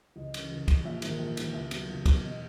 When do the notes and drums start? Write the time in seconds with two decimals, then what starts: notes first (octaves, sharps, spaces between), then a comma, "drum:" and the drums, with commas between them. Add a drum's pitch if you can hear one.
0.16 C#2 D#5
0.34 C#3 E3, drum: cymbal
0.51 C#2
0.68 C#3 E3, drum: kick, cymbal
0.85 A#1 E5
1.02 G#2 D#3, drum: cymbal
1.19 A#1
1.37 G#2 D#3, drum: cymbal
1.53 C#2 E5
1.71 B2 F#3, drum: cymbal
1.89 C#2
2.06 B2 F#3, drum: kick, cymbal
2.23 E1 D#5